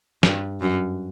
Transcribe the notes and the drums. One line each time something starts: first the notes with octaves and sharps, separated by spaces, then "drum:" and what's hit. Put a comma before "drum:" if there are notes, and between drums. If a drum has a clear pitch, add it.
G2, drum: snare
F#2